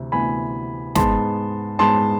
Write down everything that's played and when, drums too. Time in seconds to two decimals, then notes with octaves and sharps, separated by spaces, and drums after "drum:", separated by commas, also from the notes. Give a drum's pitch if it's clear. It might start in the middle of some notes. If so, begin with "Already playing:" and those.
Already playing: D2 C3 E3 E4
0.12 D2 C3 E3 B3 E4 G#5 B5
0.95 G#2 G#3 B3 A5 C6, drum: snare
1.79 G#2 G#3 B3 A5 C6